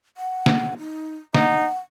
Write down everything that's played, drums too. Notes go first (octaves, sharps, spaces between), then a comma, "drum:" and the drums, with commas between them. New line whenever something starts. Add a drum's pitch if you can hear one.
F#5
drum: snare
D#4
D#4 F#5, drum: snare